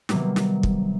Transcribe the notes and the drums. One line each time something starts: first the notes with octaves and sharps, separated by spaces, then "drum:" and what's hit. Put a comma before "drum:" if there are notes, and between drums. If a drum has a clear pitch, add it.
C3 D#3 F#3 G3 A#3 B3, drum: snare
drum: snare
drum: kick